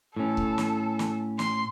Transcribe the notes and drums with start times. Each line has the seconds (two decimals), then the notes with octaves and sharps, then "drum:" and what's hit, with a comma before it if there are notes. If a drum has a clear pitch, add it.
0.16 A2 C#4 A4
0.37 drum: kick C#1
0.58 drum: snare
0.99 drum: snare
1.39 C6, drum: snare